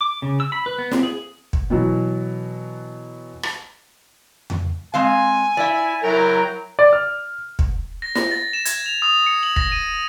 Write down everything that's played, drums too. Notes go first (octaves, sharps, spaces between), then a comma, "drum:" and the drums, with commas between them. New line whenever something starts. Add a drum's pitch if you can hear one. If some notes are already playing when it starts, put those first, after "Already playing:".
D6
C#3
E6
B5
B4
B3
C4, drum: snare
G#4
drum: kick
B2 E3 F#3
drum: rim click
drum: tom F2
G#3 C4 F5 G#5
E4 D5 E5
F#3 E4 A#4 G5 A#5
D5
F6
drum: kick
A#6
A#6, drum: snare
A6
E7
G#6, drum: hi-hat
F7
D#6
C#7
F#7
A#6, drum: kick
D#7